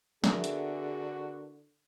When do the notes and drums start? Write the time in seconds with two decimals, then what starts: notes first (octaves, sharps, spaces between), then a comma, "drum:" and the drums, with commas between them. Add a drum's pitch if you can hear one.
0.24 D3 B3 C4 D4 E4 F#4 G#4 A#4, drum: snare
0.44 drum: hi-hat